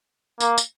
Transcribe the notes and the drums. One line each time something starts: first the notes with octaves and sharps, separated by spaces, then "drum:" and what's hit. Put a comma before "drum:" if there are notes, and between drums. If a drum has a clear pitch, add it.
A#3, drum: tambourine
drum: tambourine